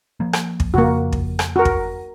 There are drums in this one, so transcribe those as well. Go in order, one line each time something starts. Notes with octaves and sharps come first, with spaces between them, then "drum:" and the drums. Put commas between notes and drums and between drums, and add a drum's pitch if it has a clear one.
F3 A#3
drum: rim click
drum: kick
F2 C#3 F3 A#3 F#4
drum: kick
drum: rim click
F#4 A#4
drum: kick